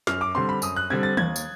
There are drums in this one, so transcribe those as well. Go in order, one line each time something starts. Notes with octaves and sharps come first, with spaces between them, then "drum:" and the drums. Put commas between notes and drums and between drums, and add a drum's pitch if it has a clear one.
F#2 F6, drum: snare
D6
D3 G3 C4 C6
B5
F#2 D#6, drum: tambourine
F#6
D3 G3 C4 G#6
A6
D#2 G#6, drum: tom D#3
drum: tambourine